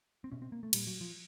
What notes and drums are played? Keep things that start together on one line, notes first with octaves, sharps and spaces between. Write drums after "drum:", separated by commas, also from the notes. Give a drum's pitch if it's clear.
C4
B2 C#4
C4
A#3
A3
A#2 G3, drum: cymbal
F#3
F3